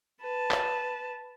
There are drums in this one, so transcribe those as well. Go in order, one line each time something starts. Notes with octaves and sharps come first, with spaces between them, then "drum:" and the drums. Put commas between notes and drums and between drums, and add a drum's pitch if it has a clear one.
B4 A5
drum: clap